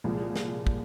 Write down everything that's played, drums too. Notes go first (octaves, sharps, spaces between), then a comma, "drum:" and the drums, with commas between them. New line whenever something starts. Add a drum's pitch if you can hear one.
C2 A#2 F3 G#3 G#4
drum: snare
drum: kick